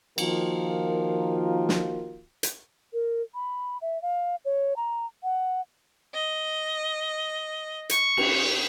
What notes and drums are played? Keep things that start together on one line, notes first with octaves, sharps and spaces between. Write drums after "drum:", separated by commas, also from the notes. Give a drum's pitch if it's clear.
D#3 F3 A#3 F4 F#4 A#4, drum: cymbal
drum: snare
drum: hi-hat
A#4
B5
E5
F5
C#5
A#5
F#5
D#5
C#6, drum: hi-hat
drum: cymbal